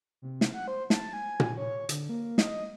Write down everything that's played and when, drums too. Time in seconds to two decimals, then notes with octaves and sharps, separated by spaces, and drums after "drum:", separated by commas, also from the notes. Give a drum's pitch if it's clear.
0.22 C3
0.41 drum: snare
0.54 F#5
0.68 C5
0.90 A5, drum: snare
1.13 G#5
1.40 drum: tom A#2
1.57 C#5
1.89 D3, drum: hi-hat
2.09 A#3
2.38 D#5, drum: snare